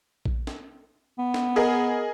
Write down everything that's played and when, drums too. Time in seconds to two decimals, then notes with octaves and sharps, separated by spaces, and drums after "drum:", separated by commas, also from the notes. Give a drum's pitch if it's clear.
0.26 drum: kick A#1
0.47 drum: snare
1.19 B3
1.34 drum: snare
1.56 G#4 A#4 D#5